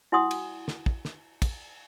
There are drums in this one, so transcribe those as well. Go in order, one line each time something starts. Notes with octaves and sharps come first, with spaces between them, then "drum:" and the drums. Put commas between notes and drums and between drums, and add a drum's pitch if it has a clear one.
E4 F#4 F#5 G#5 C6 D#6
drum: cymbal
drum: snare
drum: kick
drum: snare
drum: kick, cymbal